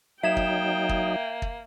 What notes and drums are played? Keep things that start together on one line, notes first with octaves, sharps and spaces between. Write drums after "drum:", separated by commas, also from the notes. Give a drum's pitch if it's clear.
F#3 A#3 D#4 E5 G5 G#6 E7
drum: kick
drum: kick
drum: kick